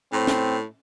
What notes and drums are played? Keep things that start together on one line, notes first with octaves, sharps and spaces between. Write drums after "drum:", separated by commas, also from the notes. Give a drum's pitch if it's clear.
A2 C4
drum: snare